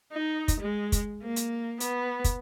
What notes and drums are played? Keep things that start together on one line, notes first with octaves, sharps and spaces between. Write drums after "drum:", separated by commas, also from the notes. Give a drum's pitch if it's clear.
D#4
drum: kick, hi-hat
G#3
drum: kick, hi-hat
A#3
drum: hi-hat
B3, drum: hi-hat
drum: kick, hi-hat